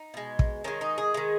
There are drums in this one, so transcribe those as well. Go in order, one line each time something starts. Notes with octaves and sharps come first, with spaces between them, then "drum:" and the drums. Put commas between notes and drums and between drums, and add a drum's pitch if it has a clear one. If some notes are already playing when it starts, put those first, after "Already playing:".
Already playing: D#4
B2 G#3
drum: kick
D#3 G#3 C#4
D#4
G#4
D#3 G#3